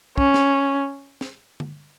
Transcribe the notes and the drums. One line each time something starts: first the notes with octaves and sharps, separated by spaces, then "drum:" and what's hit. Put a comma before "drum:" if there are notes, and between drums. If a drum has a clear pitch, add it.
C#4, drum: kick
drum: snare
drum: snare
drum: tom D3